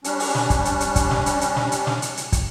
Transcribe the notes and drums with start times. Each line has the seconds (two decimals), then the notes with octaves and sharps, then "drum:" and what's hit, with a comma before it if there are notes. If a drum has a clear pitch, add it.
0.04 G3 C#4 D4, drum: hi-hat
0.20 drum: open hi-hat
0.35 drum: snare
0.50 drum: kick, hi-hat
0.65 drum: hi-hat
0.80 drum: hi-hat
0.96 drum: kick, hi-hat
1.11 drum: snare
1.26 drum: hi-hat
1.41 drum: hi-hat
1.56 drum: snare
1.72 drum: hi-hat
1.87 drum: snare
2.02 drum: hi-hat
2.17 drum: hi-hat
2.32 drum: kick, hi-hat